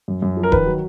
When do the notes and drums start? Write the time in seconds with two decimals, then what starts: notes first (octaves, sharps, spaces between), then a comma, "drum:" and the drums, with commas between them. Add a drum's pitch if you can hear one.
0.08 F#2
0.22 F#2
0.37 F3
0.43 A#4
0.52 D#3 B4, drum: kick D#1
0.66 F#3